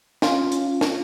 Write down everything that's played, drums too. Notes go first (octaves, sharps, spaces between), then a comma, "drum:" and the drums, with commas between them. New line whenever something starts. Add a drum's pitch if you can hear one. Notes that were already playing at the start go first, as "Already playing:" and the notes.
C#4 F4, drum: snare
drum: hi-hat
drum: snare